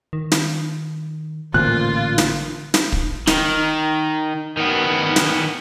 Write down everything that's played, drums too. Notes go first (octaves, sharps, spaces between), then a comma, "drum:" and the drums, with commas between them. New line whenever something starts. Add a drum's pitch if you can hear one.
D#3
drum: snare
A1 A#2 D3 F4 F#6
drum: snare
drum: snare
drum: kick
D#3, drum: snare
D#3 B3
drum: snare